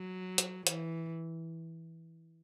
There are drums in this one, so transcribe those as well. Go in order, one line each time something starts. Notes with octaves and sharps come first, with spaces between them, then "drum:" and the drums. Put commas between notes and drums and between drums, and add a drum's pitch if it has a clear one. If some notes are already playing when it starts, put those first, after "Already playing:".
Already playing: F#3
drum: hi-hat
E3, drum: hi-hat